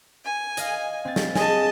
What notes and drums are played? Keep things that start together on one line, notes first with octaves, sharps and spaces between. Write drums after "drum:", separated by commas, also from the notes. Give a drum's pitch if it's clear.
G#5
D#5 F5, drum: hi-hat
C4 A6
drum: snare
G#4 D#5 G#5 A5, drum: snare